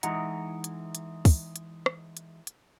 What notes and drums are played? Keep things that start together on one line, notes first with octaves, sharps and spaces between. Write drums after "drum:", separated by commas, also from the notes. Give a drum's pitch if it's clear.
E3 G#3 D#4 F#5 A#5, drum: hi-hat
drum: hi-hat
drum: hi-hat
drum: kick, open hi-hat
drum: hi-hat
drum: rim click
drum: hi-hat
drum: hi-hat